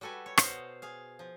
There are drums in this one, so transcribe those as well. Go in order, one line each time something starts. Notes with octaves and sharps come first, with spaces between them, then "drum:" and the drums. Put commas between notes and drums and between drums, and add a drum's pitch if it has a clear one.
G3 F#4 A4 B4 G#5
C#5
B2 C5 C#5 D#5 F5 F#5, drum: rim click
G#4 F5
F3